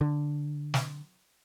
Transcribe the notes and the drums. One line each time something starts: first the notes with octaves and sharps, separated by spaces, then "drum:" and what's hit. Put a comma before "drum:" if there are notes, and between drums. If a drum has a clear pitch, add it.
D3
drum: snare